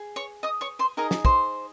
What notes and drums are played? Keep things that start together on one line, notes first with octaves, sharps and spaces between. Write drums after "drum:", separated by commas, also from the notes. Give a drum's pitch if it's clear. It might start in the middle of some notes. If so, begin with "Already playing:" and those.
Already playing: G#4
C#5 C#6
D#5 D#6
C#5 C#6
C5 C6
D#4 G#4 A#4 D#5 A#5
drum: snare
C5 C6, drum: kick